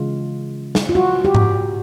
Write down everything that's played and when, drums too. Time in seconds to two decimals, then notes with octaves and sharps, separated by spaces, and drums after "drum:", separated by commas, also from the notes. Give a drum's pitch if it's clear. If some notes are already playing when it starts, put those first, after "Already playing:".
Already playing: C#3 E3 G#3 F4
0.75 drum: snare
0.89 F4
0.95 F#4
1.25 G4
1.35 drum: tom G#2